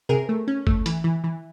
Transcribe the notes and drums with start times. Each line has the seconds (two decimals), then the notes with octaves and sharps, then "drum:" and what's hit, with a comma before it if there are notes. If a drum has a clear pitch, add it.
0.09 C3 G#4 A#4
0.29 A3
0.48 C#4
0.67 A3, drum: kick G1
0.86 E3, drum: hi-hat
1.04 E3
1.24 E3